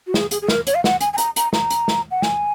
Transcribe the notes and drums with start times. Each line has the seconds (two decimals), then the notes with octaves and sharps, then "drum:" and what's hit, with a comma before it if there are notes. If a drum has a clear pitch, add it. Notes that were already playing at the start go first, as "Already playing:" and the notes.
0.07 F#4
0.14 G#4, drum: snare
0.31 G#4, drum: hi-hat
0.42 G#4
0.48 A#4, drum: snare
0.67 C#5, drum: hi-hat
0.75 F5
0.84 F#5, drum: snare
1.01 G#5, drum: hi-hat
1.13 G#5
1.18 A#5, drum: hi-hat
1.36 A#5, drum: hi-hat
1.53 A#5, drum: snare
1.70 drum: hi-hat
1.88 drum: snare
2.11 F#5
2.22 G#5, drum: snare